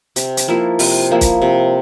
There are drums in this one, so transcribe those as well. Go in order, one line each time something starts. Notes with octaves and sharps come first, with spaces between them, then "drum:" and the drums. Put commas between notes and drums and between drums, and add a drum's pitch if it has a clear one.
C3, drum: hi-hat
drum: hi-hat
F3 A#3 E4
C3, drum: open hi-hat
F3 A#3 E4
drum: kick, hi-hat
C3